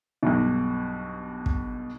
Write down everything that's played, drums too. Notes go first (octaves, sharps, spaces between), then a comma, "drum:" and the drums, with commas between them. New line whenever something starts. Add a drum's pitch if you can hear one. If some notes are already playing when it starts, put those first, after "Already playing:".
B1 G2 B2
drum: kick